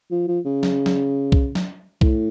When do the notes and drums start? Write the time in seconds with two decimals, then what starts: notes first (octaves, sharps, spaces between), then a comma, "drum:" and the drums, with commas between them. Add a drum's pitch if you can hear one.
0.11 F3
0.28 F3
0.45 C#3
0.63 drum: snare
0.86 drum: snare
1.32 drum: kick C2
1.55 drum: snare
2.01 A2, drum: kick C2